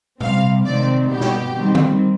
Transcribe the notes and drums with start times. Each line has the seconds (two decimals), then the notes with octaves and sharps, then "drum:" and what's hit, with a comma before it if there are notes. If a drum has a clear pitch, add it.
0.21 C3 G3 C4 F5, drum: tom A#2
0.66 C3 D#3 G#3 C4 D5
1.10 B2 G#3 B3 G4
1.21 drum: snare
1.55 D#3 G3 C4
1.75 drum: tom D3